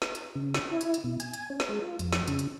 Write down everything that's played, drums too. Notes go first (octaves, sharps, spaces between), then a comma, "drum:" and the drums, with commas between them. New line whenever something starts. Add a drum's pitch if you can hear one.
drum: snare
drum: hi-hat
C#3
drum: snare
E4
drum: hi-hat
drum: hi-hat
B2
G#5, drum: hi-hat
drum: hi-hat
C#4
drum: snare
G#3
F4
F2, drum: hi-hat
drum: snare
C#3, drum: hi-hat
drum: hi-hat